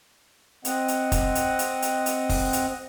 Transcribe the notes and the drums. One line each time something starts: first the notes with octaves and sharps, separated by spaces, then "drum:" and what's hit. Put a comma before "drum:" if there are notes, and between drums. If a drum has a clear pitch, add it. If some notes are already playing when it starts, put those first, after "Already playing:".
C4 D#5 F#5, drum: hi-hat
drum: hi-hat
drum: kick, hi-hat
drum: hi-hat
drum: hi-hat
drum: hi-hat
drum: hi-hat
drum: kick, open hi-hat
drum: hi-hat